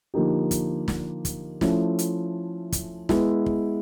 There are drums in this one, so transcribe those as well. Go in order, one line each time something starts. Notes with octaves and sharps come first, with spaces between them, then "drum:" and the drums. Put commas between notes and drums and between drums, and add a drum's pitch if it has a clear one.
D3 F3 A#3 D#4 G4
drum: kick, hi-hat
drum: snare
drum: kick, hi-hat
F3 A3 C#4 E4, drum: snare
drum: hi-hat
drum: kick, hi-hat
G#3 B3 E4, drum: snare
drum: kick